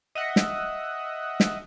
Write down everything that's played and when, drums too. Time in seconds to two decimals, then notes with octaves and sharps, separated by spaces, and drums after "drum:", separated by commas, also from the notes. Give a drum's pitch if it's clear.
0.15 D#5 E5 F#5
0.36 drum: snare
1.40 drum: snare